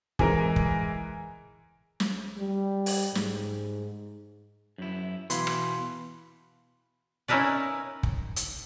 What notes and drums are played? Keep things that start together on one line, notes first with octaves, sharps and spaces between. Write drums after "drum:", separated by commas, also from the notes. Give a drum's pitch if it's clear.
E3 G#3 A#4, drum: kick
drum: kick
drum: snare
G3
drum: open hi-hat
G#2, drum: snare
F#2 E4
B2 E3 F5 B5 C6, drum: hi-hat
drum: rim click
C#4 D#4 E4 A#4 B4 D5
drum: kick
drum: hi-hat